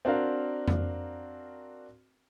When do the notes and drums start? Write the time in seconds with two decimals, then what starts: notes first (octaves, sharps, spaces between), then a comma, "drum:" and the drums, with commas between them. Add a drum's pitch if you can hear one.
0.05 C4 D4 F#4 A#4 F5
0.68 drum: tom F2